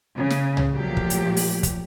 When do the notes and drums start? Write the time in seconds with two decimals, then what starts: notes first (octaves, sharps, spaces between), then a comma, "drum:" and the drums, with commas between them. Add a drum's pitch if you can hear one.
0.17 C#3
0.30 drum: snare
0.57 drum: tom
0.75 A#2 F3 F#3 A3 G4
0.97 drum: kick
1.10 drum: hi-hat
1.37 drum: open hi-hat
1.63 drum: kick, hi-hat